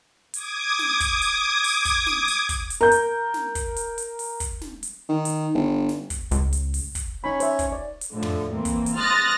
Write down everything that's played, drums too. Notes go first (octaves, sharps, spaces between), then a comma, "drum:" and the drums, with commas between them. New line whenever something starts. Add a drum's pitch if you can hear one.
D6 D#6 G#6, drum: hi-hat
drum: snare
drum: kick, hi-hat
drum: hi-hat
drum: open hi-hat
drum: kick, hi-hat
drum: snare
drum: hi-hat
drum: kick, hi-hat
drum: hi-hat
A#4 G6
drum: hi-hat
drum: snare
drum: kick, hi-hat
drum: hi-hat
drum: hi-hat
drum: open hi-hat
drum: kick, hi-hat
drum: snare
drum: hi-hat
D#3
drum: hi-hat
G1
drum: snare
drum: kick, hi-hat
C#2, drum: hi-hat
drum: hi-hat
drum: open hi-hat
drum: kick, hi-hat
C#4 D#4 B5
C5 E5, drum: hi-hat
drum: kick, hi-hat
D5
drum: hi-hat
A2 D3 F3
drum: tom
E3 A#3 C4
drum: kick, hi-hat
drum: hi-hat
C6 D#6 F6 F#6 A6 A#6